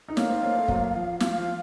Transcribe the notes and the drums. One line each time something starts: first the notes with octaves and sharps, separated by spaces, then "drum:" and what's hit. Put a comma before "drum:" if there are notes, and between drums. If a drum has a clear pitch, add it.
D#4
A#3 C#4 F5, drum: snare
C4 D#4
A#3 C#4
A3 C4
F#3 A#3, drum: kick
F3
F3 F5, drum: snare
F3